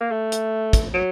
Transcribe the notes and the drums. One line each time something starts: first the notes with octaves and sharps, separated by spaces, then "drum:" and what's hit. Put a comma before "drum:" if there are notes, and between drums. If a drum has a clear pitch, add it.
A#3
A3
drum: hi-hat
drum: kick, hi-hat
F#3